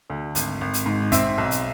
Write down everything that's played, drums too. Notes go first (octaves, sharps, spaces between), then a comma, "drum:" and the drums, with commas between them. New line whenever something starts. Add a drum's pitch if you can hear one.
D2
G#1, drum: hi-hat
G#1
drum: hi-hat
G#2
C4 E5, drum: kick, hi-hat
B1
drum: hi-hat